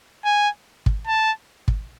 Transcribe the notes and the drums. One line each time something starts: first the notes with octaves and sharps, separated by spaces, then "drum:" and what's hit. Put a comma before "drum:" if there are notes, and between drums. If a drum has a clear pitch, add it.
G#5
drum: kick
A5
drum: kick